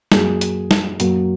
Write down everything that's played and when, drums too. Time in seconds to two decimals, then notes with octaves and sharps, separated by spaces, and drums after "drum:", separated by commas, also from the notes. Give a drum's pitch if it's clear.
0.12 F#2 F#3 A#3 G#4, drum: snare
0.41 drum: hi-hat
0.71 drum: snare
1.00 F#2 F#3 A#3, drum: hi-hat